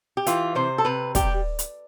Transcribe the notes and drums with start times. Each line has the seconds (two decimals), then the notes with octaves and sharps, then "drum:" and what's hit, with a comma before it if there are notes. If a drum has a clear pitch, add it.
0.17 G4
0.26 E3 F4, drum: hi-hat
0.55 C3 C5
0.78 A4
0.85 C3 B4
1.15 G3 G4, drum: kick, hi-hat
1.59 drum: hi-hat